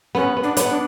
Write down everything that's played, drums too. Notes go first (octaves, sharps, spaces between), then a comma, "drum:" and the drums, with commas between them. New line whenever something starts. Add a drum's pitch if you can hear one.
B3 C#4
B3
D4
B3, drum: hi-hat
D4